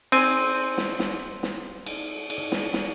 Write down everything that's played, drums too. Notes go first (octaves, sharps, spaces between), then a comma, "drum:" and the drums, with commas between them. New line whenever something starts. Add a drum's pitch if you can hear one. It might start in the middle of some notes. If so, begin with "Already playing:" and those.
C4 G#5, drum: cymbal
drum: snare
drum: snare
drum: snare
drum: cymbal
drum: cymbal
drum: snare
drum: snare